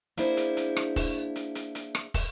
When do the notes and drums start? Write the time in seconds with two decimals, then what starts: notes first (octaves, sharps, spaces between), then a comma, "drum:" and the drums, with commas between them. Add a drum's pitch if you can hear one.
0.17 A#3 D4 E4 G#4 C5, drum: hi-hat
0.37 drum: hi-hat
0.57 drum: hi-hat
0.77 drum: rim click
0.96 drum: kick, open hi-hat
1.36 drum: hi-hat
1.55 drum: hi-hat
1.75 drum: hi-hat
1.95 drum: rim click
2.14 drum: kick, open hi-hat